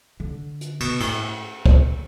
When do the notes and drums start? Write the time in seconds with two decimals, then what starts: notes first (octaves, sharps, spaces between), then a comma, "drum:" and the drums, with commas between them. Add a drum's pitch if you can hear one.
0.20 D3
0.61 drum: hi-hat
0.80 B2, drum: cymbal
1.00 A2, drum: cymbal
1.66 drum: kick